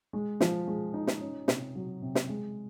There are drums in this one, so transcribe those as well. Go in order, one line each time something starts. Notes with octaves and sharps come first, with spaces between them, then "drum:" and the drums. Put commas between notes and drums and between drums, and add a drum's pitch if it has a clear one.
G#3
F3, drum: snare
G#3
D#4
drum: snare
C#4
C3, drum: snare
F#3
C3
drum: snare
G#3